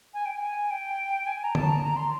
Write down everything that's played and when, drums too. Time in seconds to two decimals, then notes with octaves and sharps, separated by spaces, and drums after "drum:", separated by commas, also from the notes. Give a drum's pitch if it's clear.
0.14 G#5
0.25 G5
0.36 G#5
0.70 G5
1.26 G#5
1.44 A#5
1.55 A5, drum: tom D3
1.69 A#5
1.83 A#5
1.96 C6